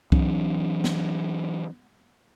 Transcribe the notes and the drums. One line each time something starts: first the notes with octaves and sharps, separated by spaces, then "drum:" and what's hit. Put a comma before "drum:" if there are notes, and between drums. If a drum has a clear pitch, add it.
E3 F#3 C4 D4, drum: kick C2
drum: snare